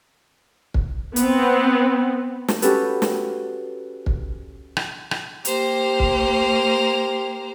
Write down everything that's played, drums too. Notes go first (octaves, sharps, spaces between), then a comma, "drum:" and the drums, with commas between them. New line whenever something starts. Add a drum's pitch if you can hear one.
drum: kick
B3 C4, drum: hi-hat
drum: snare
C#4 F#4 G4 A4 B4, drum: hi-hat
drum: snare
drum: kick
drum: rim click
drum: rim click
A#3 G4 C5 A#5, drum: hi-hat
drum: kick